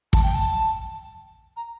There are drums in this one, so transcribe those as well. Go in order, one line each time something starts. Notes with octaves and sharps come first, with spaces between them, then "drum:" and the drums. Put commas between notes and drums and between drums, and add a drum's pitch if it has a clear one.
A5, drum: kick
G5
A5
A#5